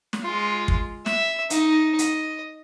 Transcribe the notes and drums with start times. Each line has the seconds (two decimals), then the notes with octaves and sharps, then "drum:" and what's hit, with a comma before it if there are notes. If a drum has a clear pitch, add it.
0.13 drum: snare
0.23 G#3 F4
0.68 drum: kick
1.06 E5, drum: snare
1.50 D#4, drum: hi-hat
1.99 D#5, drum: hi-hat